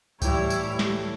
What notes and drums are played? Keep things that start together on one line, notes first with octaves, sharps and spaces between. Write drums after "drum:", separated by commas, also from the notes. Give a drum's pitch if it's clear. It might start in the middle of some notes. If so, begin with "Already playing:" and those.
A2 E3 G3 E4 G4 C#5, drum: kick C#2, tambourine
drum: tambourine
drum: snare